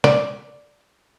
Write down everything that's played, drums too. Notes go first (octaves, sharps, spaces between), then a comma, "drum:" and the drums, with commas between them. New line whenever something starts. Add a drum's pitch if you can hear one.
D5, drum: snare